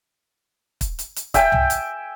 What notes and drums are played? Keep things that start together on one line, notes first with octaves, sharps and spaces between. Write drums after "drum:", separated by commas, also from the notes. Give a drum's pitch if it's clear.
drum: kick, hi-hat
drum: hi-hat
drum: hi-hat
E5 G5 G#5, drum: kick, hi-hat
drum: tom C2
drum: hi-hat